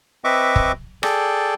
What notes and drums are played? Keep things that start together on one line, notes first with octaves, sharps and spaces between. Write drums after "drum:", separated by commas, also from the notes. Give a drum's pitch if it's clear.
C4 B4 D#5 E5 C#6 D6
drum: kick
G#4 A4 D5 G5, drum: rim click